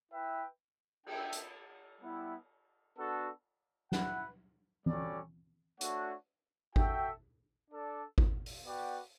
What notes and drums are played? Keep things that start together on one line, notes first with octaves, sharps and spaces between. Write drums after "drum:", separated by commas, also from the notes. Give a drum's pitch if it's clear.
E4 B4 E5 G5
D4 A4 E5 G5, drum: cymbal
drum: hi-hat
G3 B3 E4
B3 D4 F#4 A4
E4 B4 F#5, drum: snare
G3 C#4 F#4 A4 D5, drum: tom E3
A3 D4 F#4 C#5 F#5, drum: hi-hat
F#4 A4 E5 G5, drum: kick G#1
D4 A4 D5
drum: kick G#1
drum: open hi-hat
B3 F#4 B4 D5 G5